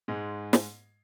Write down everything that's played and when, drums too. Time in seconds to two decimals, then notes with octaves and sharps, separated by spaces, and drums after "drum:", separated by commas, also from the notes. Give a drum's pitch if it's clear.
0.08 G#2 G#3
0.53 drum: snare